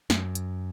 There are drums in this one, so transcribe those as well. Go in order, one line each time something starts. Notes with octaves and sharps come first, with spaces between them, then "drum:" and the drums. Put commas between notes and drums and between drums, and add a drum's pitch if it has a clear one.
F#2, drum: snare
drum: hi-hat